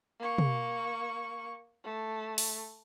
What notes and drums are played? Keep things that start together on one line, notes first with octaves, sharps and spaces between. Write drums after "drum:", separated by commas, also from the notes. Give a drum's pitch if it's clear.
A#3 C#6
drum: tom
A3
drum: open hi-hat